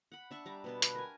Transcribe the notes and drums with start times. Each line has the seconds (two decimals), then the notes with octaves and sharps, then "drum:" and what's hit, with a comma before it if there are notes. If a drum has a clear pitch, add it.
0.12 F#5 B5
0.31 D4 E5 C#6
0.46 G3 A#5 D6
0.64 B2 B3 A5
0.82 B4, drum: hi-hat
0.95 A#4 G#5